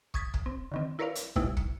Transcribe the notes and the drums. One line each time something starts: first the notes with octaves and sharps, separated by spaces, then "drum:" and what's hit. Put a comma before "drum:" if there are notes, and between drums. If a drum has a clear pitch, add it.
C#6 D#6 G#6 A6 B6, drum: kick
drum: kick
C4
D3 D#3 C4
E4 A#4 B4 C#5 D5 F5
drum: hi-hat
A1 B2 G3 D#4 E4, drum: kick
C#7, drum: kick